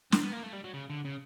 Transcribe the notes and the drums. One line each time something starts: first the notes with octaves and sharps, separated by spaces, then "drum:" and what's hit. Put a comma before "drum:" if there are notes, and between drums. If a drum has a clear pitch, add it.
C4, drum: snare
B3
A#3
A3
G3
F#3
C#3
D3
C#3